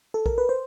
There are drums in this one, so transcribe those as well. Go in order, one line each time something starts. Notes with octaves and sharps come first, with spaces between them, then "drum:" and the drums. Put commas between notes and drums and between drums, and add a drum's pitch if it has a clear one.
A4
A#4, drum: kick
B4
C5